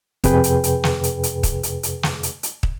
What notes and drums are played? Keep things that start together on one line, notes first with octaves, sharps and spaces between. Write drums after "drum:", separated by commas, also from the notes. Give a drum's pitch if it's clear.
F2 C3 G#4 B4 G5, drum: kick, hi-hat
drum: hi-hat
drum: hi-hat
drum: snare
drum: hi-hat
drum: hi-hat
drum: kick, hi-hat
drum: hi-hat
drum: hi-hat
drum: snare
drum: hi-hat
drum: hi-hat
drum: kick